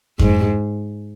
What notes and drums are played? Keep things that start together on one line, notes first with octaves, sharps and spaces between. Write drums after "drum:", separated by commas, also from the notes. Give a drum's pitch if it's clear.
G#2, drum: kick F2